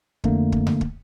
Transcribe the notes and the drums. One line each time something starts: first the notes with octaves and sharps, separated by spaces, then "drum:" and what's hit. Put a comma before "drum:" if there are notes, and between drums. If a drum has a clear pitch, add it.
F2 D3 A3 A#3, drum: kick
drum: kick
drum: tom F2
drum: kick